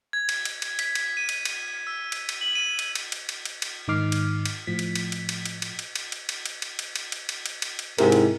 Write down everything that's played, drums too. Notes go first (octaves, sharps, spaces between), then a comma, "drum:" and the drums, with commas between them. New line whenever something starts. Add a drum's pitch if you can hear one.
G#6
drum: cymbal
drum: cymbal
drum: cymbal
B6, drum: cymbal
drum: cymbal
D#7
drum: cymbal
drum: cymbal
E6
drum: cymbal
drum: cymbal
F#7
D#7
drum: cymbal
drum: cymbal
drum: cymbal
drum: cymbal
drum: cymbal
drum: cymbal
G#2 D#3 D#4 D6 F6 C7
drum: cymbal
drum: cymbal
A2 F3 B6
drum: cymbal
drum: cymbal
drum: cymbal
drum: cymbal
drum: cymbal
drum: cymbal
drum: cymbal
drum: cymbal
drum: cymbal
drum: cymbal
drum: cymbal
drum: cymbal
drum: cymbal
drum: cymbal
drum: cymbal
drum: cymbal
drum: cymbal
drum: cymbal
drum: cymbal
G#2 C3 E4 A#4, drum: cymbal
drum: cymbal